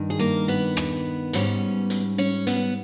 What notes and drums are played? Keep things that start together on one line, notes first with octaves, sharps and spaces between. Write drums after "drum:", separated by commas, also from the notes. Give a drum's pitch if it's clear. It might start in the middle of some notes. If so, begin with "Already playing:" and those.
Already playing: G2 D#3
G#4
A#3 A#4
B3 B4
drum: rim click
G#2 G3 C#4, drum: hi-hat
drum: hi-hat
C#4 C#5
B3 B4, drum: hi-hat